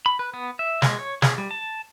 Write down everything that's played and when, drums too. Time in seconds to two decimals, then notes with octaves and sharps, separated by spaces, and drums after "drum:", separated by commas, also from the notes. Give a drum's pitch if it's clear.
0.06 B5
0.19 B4
0.34 B3
0.59 E5
0.82 G#3, drum: snare
0.99 C#5
1.22 G#4, drum: snare
1.38 G3
1.51 A5